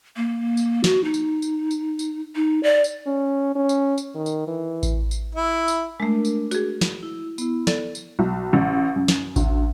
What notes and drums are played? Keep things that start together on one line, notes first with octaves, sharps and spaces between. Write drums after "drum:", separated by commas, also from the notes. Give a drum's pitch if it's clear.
A#3
drum: tambourine
F#4, drum: snare
D#4
drum: tambourine
drum: tambourine
drum: tambourine
drum: tambourine
D#4
D5
drum: tambourine
C#4
C#4
drum: tambourine
drum: tambourine
D#3
drum: tambourine
E3
drum: kick A1, tambourine
drum: tambourine
E4
drum: tambourine
G#3 A3 D4 A#4
drum: tambourine
F#4 G#4, drum: tambourine
drum: snare
E4
B3 E4, drum: tambourine
A4 D5, drum: snare
drum: tambourine
B1
A1
F#2
drum: snare
D2, drum: kick A1, tambourine